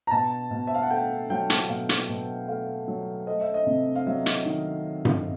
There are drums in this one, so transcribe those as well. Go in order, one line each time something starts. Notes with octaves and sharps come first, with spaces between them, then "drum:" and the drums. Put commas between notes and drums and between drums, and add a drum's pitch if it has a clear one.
A#5
B2 A5
B2
E5
F5
F#5
A3 G5
F#3 G5
drum: hi-hat
B2 F5
drum: hi-hat
B2
A3 F5
F#3
A3 D#5
E5
D#5
C3
F5
F#3 E5
drum: hi-hat
D#3
drum: tom G2